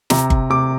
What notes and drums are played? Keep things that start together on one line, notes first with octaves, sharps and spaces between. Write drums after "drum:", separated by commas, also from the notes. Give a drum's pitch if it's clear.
C3 A#5, drum: snare
drum: kick G1
C3 D6